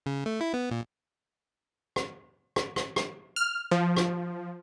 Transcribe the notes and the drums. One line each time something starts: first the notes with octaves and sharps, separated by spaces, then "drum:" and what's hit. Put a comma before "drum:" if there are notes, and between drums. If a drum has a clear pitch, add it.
C#3
A3
E4
B3
A#2
drum: rim click
drum: rim click
drum: rim click
drum: rim click
F6
F3
drum: rim click